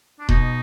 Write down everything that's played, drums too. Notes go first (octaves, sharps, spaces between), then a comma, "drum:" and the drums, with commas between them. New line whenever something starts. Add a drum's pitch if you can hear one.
D4
B2 D#4, drum: kick D#1